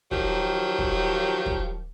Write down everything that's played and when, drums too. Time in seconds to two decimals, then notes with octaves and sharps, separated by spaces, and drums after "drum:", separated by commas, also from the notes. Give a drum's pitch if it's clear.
0.11 D#3 F3 F#3 G4, drum: kick
0.79 drum: kick
1.46 drum: kick